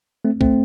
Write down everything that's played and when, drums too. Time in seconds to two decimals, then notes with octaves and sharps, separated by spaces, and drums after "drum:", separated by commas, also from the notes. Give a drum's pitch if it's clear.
0.25 A3 C4
0.41 A3 C4, drum: kick